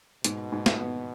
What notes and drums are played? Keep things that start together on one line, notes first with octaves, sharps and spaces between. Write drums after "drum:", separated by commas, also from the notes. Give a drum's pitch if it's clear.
G#2 B2, drum: hi-hat
G#2
drum: snare
B3